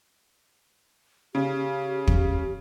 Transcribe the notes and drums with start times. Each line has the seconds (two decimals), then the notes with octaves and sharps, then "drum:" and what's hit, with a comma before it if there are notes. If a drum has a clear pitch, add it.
1.35 C#3 G4
2.07 drum: kick